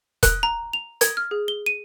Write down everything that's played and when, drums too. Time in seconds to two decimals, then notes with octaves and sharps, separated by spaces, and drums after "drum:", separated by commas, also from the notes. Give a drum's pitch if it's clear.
0.23 F#6, drum: kick E1, hi-hat
0.43 A#5
0.73 F7
1.01 G#6, drum: hi-hat
1.17 F6
1.31 G#4
1.48 G7
1.66 D#7